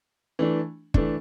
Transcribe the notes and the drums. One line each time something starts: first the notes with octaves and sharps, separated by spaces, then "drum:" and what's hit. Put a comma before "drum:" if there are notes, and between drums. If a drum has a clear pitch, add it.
E3 A3 D4
E3 A3 D4, drum: kick